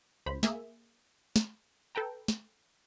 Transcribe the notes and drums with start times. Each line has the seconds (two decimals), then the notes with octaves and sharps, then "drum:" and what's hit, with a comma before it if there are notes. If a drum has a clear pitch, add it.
0.26 C#2 C5 B5
0.43 A#3 G#4 E5, drum: snare
1.36 drum: snare
1.95 A4 B4 G5 A#5
2.28 drum: snare